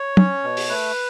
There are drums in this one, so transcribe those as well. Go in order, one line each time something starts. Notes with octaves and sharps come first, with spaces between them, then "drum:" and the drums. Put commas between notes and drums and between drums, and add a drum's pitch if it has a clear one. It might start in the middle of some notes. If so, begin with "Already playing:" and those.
Already playing: C#5
C#4, drum: tom
B2
drum: open hi-hat
A3 B4